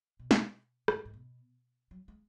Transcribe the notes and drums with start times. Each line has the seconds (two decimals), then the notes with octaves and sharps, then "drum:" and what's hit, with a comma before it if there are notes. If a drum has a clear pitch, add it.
0.19 B2
0.31 drum: snare
0.88 G#2, drum: rim click
0.96 F#2
1.05 G#2
1.14 B2
1.91 F#3
2.08 G#3